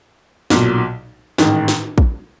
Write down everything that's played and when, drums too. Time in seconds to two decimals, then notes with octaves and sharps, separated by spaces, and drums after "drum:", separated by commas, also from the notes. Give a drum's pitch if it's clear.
0.50 B1 A#2 F#3, drum: snare
1.38 A1 G#2 D#3, drum: snare
1.68 drum: snare
1.98 drum: kick